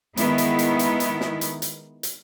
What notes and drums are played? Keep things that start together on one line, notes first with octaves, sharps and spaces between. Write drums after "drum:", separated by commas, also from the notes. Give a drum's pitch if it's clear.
D#3 G#3 B3 E4, drum: hi-hat
drum: hi-hat
drum: hi-hat
drum: hi-hat
drum: hi-hat
drum: snare
drum: hi-hat
drum: hi-hat
drum: hi-hat